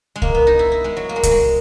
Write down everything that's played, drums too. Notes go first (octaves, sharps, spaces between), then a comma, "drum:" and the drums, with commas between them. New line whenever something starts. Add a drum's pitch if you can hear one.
G#3
A#3, drum: kick C2
B3
D#4
E4
E4
G#3
F#3
A#3
G#3
F#3, drum: kick C2, hi-hat
G#3